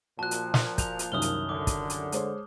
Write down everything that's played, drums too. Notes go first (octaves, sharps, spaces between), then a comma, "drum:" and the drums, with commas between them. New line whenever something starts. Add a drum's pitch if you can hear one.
A#2 F3 F#4 A5 F#6
drum: hi-hat
drum: snare
G6 F7, drum: kick, hi-hat
drum: hi-hat
C2 F#2 D#3 D#6 F6 G7
drum: hi-hat
D3 D6
drum: kick, hi-hat
drum: hi-hat
G#3 C5 C#5, drum: hi-hat